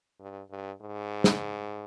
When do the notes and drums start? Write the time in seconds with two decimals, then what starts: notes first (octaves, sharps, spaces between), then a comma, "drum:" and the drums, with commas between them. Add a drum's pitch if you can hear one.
0.20 G2
0.51 G2
0.81 G#2
1.24 drum: snare